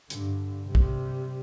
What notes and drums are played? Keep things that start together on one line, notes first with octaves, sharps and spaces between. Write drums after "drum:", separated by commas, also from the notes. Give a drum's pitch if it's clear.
G2 D3, drum: hi-hat
C3 G3
drum: kick